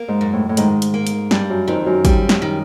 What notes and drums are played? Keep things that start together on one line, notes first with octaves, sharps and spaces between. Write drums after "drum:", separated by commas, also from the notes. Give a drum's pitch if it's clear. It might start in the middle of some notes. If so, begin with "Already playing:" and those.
Already playing: A#3
G#2
F#2
A2
A2
G#2 D#3, drum: hi-hat
drum: hi-hat
A#3
drum: hi-hat
G2 G3, drum: snare
F#2
F2 D#3
F#2
G3, drum: kick, hi-hat
drum: snare
D#3